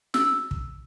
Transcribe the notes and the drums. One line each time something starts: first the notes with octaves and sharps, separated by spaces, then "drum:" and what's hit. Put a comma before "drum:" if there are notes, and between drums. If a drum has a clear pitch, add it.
E6, drum: snare
drum: kick